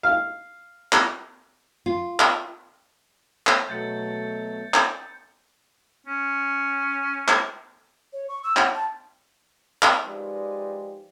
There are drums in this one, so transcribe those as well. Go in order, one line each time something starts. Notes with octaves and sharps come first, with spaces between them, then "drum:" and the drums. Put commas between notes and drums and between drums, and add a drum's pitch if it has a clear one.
F5
drum: clap
F4
drum: clap
drum: clap
B2 F#3 A3 G6 A6 C#7
drum: clap
C#4
drum: clap
C#5
C#6
E6
F#5, drum: clap
A5
drum: clap
F3 G#3 D#4 G4 B4 D5